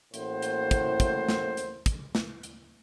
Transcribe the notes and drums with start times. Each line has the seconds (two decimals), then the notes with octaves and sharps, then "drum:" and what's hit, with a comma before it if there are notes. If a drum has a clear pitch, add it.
0.14 A1 A2 A#3 F#4 C5, drum: hi-hat
0.42 drum: hi-hat
0.71 drum: kick, hi-hat
1.00 drum: kick, hi-hat
1.29 drum: snare
1.57 drum: hi-hat
1.86 drum: kick, hi-hat
2.15 drum: snare
2.43 drum: hi-hat